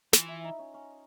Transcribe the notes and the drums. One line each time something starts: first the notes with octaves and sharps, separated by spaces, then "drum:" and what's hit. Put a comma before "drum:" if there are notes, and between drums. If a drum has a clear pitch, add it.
E3 F4, drum: snare
E4
D#4
C#4
C#4